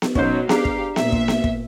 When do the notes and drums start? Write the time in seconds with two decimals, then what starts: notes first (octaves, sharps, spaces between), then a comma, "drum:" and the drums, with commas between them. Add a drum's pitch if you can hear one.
0.02 drum: snare B3
0.15 B2 F#3 C#4 D#4 C5, drum: kick
0.49 D4 G4 G#4 F5 A#5, drum: snare B3
0.65 drum: kick
0.96 A#2 E5, drum: snare B3
1.12 drum: kick
1.28 drum: snare B3
1.44 drum: kick